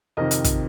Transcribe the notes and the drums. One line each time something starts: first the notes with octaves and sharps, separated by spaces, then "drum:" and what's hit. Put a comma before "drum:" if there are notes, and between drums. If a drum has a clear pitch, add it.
F2 C3 D#3 A#4 D#5
drum: hi-hat
drum: kick, hi-hat